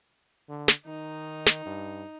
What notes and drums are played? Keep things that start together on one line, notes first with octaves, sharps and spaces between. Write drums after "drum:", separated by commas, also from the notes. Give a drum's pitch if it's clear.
D3
drum: snare
D#3 D#4
drum: snare
G2